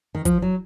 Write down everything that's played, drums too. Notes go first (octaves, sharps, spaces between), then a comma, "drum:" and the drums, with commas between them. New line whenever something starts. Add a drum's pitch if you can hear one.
D#3
F3, drum: kick, hi-hat
F#3